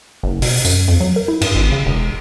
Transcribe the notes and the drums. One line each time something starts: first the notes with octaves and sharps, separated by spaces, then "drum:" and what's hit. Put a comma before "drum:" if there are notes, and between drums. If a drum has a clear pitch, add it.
F#1
B2, drum: open hi-hat
F#2, drum: tambourine
F2
F#3
A#4
E4
G2, drum: cymbal
G#1
C#3
E1